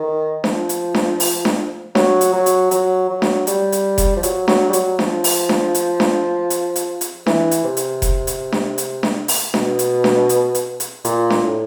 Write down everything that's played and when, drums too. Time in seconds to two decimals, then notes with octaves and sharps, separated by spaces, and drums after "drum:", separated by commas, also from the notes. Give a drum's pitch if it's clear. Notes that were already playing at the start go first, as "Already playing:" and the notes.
Already playing: D#3
0.44 F3, drum: snare D4
0.69 drum: hi-hat
0.94 drum: snare D4
1.20 drum: open hi-hat
1.45 drum: snare D4
1.95 F#3, drum: snare D4
2.21 drum: hi-hat
2.33 F#3
2.46 drum: hi-hat
2.71 F#3, drum: hi-hat
3.09 F#3
3.22 drum: snare D4
3.47 G3, drum: hi-hat
3.72 drum: hi-hat
3.98 drum: kick F1, hi-hat
4.16 F3
4.23 F#3, drum: hi-hat
4.48 F#3, drum: snare D4
4.69 G3
4.73 F#3, drum: hi-hat
4.99 F3, drum: snare D4
5.24 drum: open hi-hat
5.49 drum: snare D4
5.75 drum: hi-hat
6.00 drum: snare D4
6.50 drum: hi-hat
6.76 drum: hi-hat
7.01 drum: hi-hat
7.26 E3, drum: snare D4
7.51 drum: hi-hat
7.64 C3
7.77 drum: hi-hat
8.02 drum: kick F1, hi-hat
8.27 drum: hi-hat
8.52 drum: snare D4
8.78 drum: hi-hat
9.03 drum: snare D4
9.28 drum: open hi-hat
9.54 B2, drum: snare D4
9.79 drum: hi-hat
10.04 drum: snare D4
10.29 drum: hi-hat
10.55 drum: hi-hat
10.80 drum: hi-hat
11.05 A#2, drum: hi-hat
11.30 drum: snare D4
11.43 A2